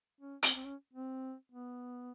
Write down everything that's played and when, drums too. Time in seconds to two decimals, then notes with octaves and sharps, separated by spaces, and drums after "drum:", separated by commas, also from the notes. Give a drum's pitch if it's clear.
0.21 C#4
0.43 C4, drum: hi-hat
0.56 C4
0.65 C#4
0.93 C4
1.52 B3